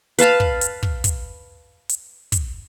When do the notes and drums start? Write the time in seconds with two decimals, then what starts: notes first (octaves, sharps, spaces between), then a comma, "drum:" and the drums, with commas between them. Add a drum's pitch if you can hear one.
0.19 B4 F5 A5 B5, drum: hi-hat
0.40 drum: kick
0.61 drum: hi-hat
0.83 drum: kick
1.04 drum: kick, hi-hat
1.89 drum: hi-hat
2.32 drum: kick, hi-hat